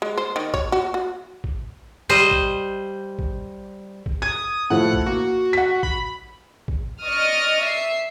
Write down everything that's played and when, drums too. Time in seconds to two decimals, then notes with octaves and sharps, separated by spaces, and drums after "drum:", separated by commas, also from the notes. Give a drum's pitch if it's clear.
0.02 G#3
0.18 C5
0.36 D#3
0.54 C#5, drum: kick A1
0.72 F#4
0.94 F#4
1.44 drum: kick A1
2.09 G3 C5 D#5
2.31 drum: kick A1
3.19 drum: kick A1
4.06 drum: kick A1
4.22 D#6 G#6
4.70 A2 F3 A3 F#5
4.93 drum: kick A1
5.06 A#3 F#4
5.53 F#5 B6
5.83 B5, drum: kick A1
6.68 drum: kick A1
7.04 D5 D#5 C#6 D#6 F6
7.63 E5 C7